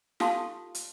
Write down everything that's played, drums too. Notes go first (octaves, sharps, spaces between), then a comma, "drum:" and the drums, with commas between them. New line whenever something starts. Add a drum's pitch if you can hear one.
F4 G4 A4 F5 A5 C6, drum: snare
drum: hi-hat